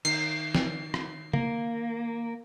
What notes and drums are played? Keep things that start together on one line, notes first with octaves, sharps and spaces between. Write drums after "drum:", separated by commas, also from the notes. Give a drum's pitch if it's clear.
D#3 C7, drum: cymbal
drum: snare
drum: rim click
A#3, drum: tom